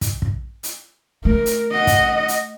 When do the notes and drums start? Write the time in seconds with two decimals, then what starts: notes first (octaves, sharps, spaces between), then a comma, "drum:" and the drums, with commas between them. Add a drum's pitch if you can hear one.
0.01 drum: kick, hi-hat
0.22 drum: kick
0.63 drum: hi-hat
1.25 A3 A#4
1.46 drum: hi-hat
1.73 D#5 F#5
1.87 drum: kick, hi-hat
2.28 drum: hi-hat